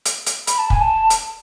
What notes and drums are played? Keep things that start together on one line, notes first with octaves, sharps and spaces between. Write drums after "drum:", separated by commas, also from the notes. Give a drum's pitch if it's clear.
drum: hi-hat
drum: hi-hat
B5, drum: hi-hat
A5
G#5, drum: kick
A5
drum: hi-hat